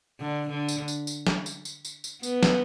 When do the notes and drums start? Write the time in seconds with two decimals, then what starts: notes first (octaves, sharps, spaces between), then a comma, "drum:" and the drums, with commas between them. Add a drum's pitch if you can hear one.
0.20 D3
0.49 D3
0.69 drum: tambourine
0.88 drum: tambourine
1.07 drum: tambourine
1.27 drum: snare
1.46 drum: tambourine
1.65 drum: tambourine
1.85 drum: tambourine
2.04 drum: tambourine
2.23 B3, drum: tambourine
2.43 drum: snare